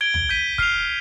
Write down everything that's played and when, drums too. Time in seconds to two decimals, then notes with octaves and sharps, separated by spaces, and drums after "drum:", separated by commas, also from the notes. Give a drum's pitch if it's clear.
0.01 G#6 D7 G7
0.14 drum: tom
0.29 G6 B6 D#7
0.58 F6 C7 F7, drum: kick